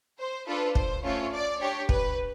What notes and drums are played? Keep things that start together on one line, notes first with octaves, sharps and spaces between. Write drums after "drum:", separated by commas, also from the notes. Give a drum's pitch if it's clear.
C5
D4 F4 A4 B4
C5, drum: kick
A3 C#4 F4 C#5
D5
D4 G4 C#5
B4, drum: kick